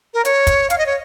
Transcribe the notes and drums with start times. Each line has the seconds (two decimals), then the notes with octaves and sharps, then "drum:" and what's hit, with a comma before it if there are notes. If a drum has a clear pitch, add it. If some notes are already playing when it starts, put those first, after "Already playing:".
0.14 A#4
0.25 C#5, drum: hi-hat
0.47 drum: kick, hi-hat
0.70 F5, drum: hi-hat
0.78 D#5
0.86 C#5